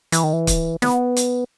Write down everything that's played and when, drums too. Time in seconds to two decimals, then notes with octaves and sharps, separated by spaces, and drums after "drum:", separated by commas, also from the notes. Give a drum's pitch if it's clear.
0.12 E3, drum: hi-hat
0.24 D#3
0.33 E3
0.47 drum: kick, hi-hat
0.82 B3, drum: snare
1.16 drum: hi-hat